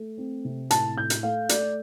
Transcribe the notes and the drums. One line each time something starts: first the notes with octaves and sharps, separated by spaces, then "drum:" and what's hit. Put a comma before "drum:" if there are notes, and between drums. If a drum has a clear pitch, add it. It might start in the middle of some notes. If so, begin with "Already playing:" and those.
Already playing: A3
C4
C3
A2 A5, drum: hi-hat
A2 G6
drum: hi-hat
A3 F5
A3 D5, drum: hi-hat